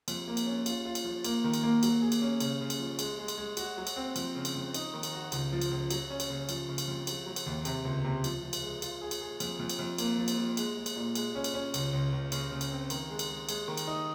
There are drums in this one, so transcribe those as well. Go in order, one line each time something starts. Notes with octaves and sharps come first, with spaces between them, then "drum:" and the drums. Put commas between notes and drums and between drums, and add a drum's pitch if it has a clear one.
F2, drum: cymbal
A#3
drum: cymbal
C#4
F4, drum: cymbal
F4
drum: cymbal
F3
A#3, drum: cymbal
D#3
drum: cymbal
A#3
F#3, drum: cymbal
G#4
drum: cymbal
C#4
C#3, drum: cymbal
C#3
drum: cymbal
F3
G#3, drum: cymbal
G#3
drum: cymbal
G#3
F#4, drum: cymbal
F#3
drum: cymbal
C4
F2, drum: cymbal
C#3
drum: cymbal
F2
D#4, drum: cymbal
D#3
drum: cymbal
F#4
C#2, drum: cymbal
F3
drum: cymbal
C#2
F#3, drum: cymbal
C#4
drum: cymbal
C#3
F3, drum: cymbal
C#3
drum: cymbal
F2
F#3, drum: cymbal
F#3
drum: cymbal
D#2
C3, drum: cymbal
C#2
C3
F3, drum: cymbal
F3
drum: cymbal
G#3
F4, drum: cymbal
G#4
drum: cymbal
G#4
F2, drum: cymbal
F2
drum: cymbal
F2
A#3, drum: cymbal
F3
drum: cymbal
F3
G#3, drum: cymbal
G#3
drum: cymbal
A#2
G#3, drum: cymbal
C#4
drum: cymbal
C#4
C#2, drum: cymbal
C#2
C#2
C#3, drum: cymbal
C#3
drum: cymbal
C4
D#3, drum: cymbal
G#3
drum: cymbal
G#3
G#3, drum: cymbal
D#3
drum: cymbal
D#4